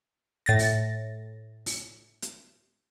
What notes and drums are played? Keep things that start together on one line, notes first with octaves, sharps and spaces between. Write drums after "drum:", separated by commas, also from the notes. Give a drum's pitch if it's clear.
A2 A6 A#6
drum: open hi-hat
drum: open hi-hat
drum: hi-hat